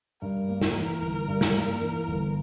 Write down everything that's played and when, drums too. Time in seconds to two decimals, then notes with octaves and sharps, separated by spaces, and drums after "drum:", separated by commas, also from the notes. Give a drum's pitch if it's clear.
0.22 G2 A#4
0.48 A#3
0.61 drum: snare
0.75 E3
1.02 G1
1.28 G2
1.41 drum: snare
1.54 A#3
1.81 E3
2.08 G1